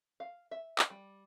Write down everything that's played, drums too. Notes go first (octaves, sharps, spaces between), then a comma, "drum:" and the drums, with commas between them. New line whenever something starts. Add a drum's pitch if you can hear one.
F5
E5
drum: clap
G3